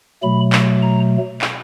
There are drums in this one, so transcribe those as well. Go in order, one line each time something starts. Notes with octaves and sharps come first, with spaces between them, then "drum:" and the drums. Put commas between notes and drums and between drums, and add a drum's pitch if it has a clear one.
B2 F#3 A3 B5
drum: clap
A#5
drum: clap